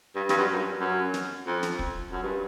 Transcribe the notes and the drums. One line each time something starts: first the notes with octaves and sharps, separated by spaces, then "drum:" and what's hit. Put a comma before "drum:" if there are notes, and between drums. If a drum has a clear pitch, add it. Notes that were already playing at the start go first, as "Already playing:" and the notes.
G2
G2, drum: snare
F#2
F#2
G2
F#2
drum: snare
F2
drum: snare
drum: kick
F#2
G2